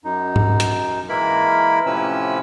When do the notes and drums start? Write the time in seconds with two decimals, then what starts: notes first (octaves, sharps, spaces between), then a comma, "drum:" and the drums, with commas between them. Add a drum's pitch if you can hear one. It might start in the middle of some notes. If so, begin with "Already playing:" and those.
0.04 F#2 D#4
0.36 drum: tom G#2
0.60 drum: hi-hat
1.09 E3 G#3 A#3 E4 A#4 B5
1.86 A2 C3 F3 C#4 B4 E6